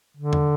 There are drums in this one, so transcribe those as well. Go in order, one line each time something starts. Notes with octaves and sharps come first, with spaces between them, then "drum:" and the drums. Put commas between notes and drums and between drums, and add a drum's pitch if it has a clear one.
D3
drum: tom